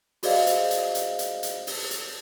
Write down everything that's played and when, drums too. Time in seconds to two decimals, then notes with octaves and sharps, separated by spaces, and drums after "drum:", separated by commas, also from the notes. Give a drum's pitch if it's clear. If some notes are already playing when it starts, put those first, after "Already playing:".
0.23 F#4 G#4 C5 D5 D#5 F5, drum: open hi-hat
0.47 drum: hi-hat
0.71 drum: hi-hat
0.95 drum: hi-hat
1.19 drum: hi-hat
1.43 drum: hi-hat
1.67 drum: open hi-hat
1.91 drum: hi-hat